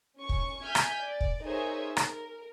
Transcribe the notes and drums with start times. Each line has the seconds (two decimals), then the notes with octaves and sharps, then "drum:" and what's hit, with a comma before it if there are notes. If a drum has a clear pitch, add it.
0.17 C#4 C#6
0.29 drum: kick
0.64 E5 G#5 F6 G6 G#6 B6
0.75 drum: rim click
1.00 D5
1.21 drum: kick
1.44 D#4 G#4 A#4 C5 C#5 E5
1.97 A#4, drum: rim click